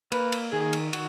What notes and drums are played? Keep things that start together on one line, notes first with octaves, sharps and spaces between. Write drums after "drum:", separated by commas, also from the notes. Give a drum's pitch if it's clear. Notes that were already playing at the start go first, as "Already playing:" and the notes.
A#3 B4, drum: cymbal
drum: cymbal
D#3 G#4
drum: cymbal
F#4, drum: cymbal